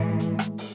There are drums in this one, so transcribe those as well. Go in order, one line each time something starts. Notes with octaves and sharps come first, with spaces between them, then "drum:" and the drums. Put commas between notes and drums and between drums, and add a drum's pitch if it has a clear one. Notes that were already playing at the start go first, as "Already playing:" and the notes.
Already playing: A2 E3 G#3
drum: hi-hat
drum: rim click
drum: open hi-hat